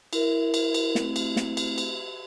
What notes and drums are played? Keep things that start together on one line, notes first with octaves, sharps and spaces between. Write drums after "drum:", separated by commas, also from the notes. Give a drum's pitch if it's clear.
E4 A#4 E5, drum: cymbal
drum: cymbal
drum: cymbal
A3 C4 E4, drum: snare
drum: cymbal
drum: snare
drum: cymbal
drum: cymbal